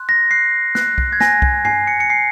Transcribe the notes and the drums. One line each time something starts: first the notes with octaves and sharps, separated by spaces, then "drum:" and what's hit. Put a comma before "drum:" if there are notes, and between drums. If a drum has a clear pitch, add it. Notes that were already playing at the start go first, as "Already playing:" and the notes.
Already playing: C6 F#6
A#6
F#6 C7
F#6, drum: snare
drum: kick C2
G#6
G#5 A#6, drum: snare
A#6, drum: kick C2
G#5 C7, drum: tom G2
C#7
C#7
G#5 C7